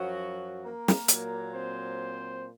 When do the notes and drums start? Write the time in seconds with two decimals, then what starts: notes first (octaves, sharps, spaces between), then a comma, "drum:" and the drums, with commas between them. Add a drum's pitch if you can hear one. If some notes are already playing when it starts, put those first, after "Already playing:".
Already playing: F#2 F3 F#3 F#4
0.64 A#3 A#4
0.88 drum: snare
1.08 A#2 F#3, drum: hi-hat
1.53 C4 C5